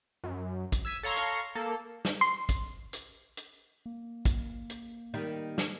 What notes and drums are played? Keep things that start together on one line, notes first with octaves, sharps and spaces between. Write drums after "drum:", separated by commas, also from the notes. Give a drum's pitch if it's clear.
F#2
drum: kick, hi-hat
E6 G#6 B6 D#7
A4 C#5 F5 A#5 C6 C#6
drum: hi-hat
A#3 A4
drum: snare
C6
drum: kick, hi-hat
drum: hi-hat
drum: hi-hat
A#3
drum: kick, hi-hat
drum: hi-hat
D#3 G3
drum: snare